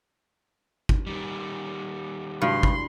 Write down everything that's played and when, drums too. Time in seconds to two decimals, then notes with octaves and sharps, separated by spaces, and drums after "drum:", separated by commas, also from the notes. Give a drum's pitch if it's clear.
0.89 drum: kick G1
1.07 D#3 G3
2.42 C2 G2 F#3 G#3 B5 C6
2.63 drum: kick G1